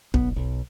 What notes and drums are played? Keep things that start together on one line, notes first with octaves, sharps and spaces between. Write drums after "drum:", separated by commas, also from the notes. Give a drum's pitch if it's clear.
B1 B3, drum: kick
B1